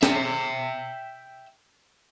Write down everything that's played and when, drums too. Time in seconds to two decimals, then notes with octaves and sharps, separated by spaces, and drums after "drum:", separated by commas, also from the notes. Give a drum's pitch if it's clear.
0.03 E5 G5, drum: snare